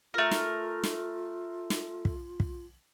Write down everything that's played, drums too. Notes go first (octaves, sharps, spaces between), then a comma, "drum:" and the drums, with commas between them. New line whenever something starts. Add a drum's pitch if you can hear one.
A3 F4 A#4
drum: snare
drum: snare
drum: snare
drum: kick
drum: kick